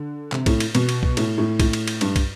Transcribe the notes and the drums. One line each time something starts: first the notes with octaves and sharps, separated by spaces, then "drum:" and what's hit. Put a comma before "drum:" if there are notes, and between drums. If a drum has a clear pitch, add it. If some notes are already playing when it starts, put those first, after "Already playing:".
Already playing: D3
C3, drum: clap
A2, drum: kick, cymbal
drum: cymbal
B2, drum: cymbal
drum: cymbal
drum: kick
A2, drum: cymbal
A2
A2, drum: kick, cymbal
drum: cymbal
drum: cymbal
G2, drum: cymbal
drum: kick, cymbal